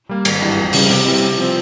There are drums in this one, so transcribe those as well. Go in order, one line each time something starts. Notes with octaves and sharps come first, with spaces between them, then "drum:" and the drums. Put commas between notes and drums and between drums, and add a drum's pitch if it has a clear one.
G3 A#3
G#1, drum: cymbal
G2 E3 G3
F2
C#3 G3, drum: open hi-hat
C3
G3 C4 E4
C3
F3 C4